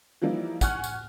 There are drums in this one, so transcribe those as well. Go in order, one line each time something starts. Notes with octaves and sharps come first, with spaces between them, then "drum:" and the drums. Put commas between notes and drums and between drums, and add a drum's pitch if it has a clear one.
E3 F3 G3 A#3 D#4 E4
F#5 G#5 C#6 F6 F#6, drum: kick, tambourine
drum: tambourine